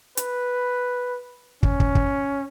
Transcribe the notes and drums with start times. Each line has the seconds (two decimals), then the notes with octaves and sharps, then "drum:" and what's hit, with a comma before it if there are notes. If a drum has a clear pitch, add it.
0.17 B4, drum: hi-hat
1.63 C#4, drum: kick
1.80 drum: kick
1.95 drum: kick